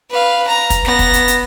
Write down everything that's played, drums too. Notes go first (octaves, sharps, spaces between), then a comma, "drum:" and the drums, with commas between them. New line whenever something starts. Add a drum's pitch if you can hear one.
B4 F5
A#5
drum: kick, hi-hat
B3 A#6, drum: snare
drum: kick, open hi-hat
drum: hi-hat
drum: hi-hat